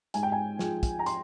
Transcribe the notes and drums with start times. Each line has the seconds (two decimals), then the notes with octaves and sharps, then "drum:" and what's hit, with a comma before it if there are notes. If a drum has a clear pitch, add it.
0.14 G#2 G#5, drum: hi-hat
0.23 G5
0.32 G#5
0.59 F3 G#3, drum: snare
0.83 drum: kick, hi-hat
0.99 A#5
1.06 C6, drum: hi-hat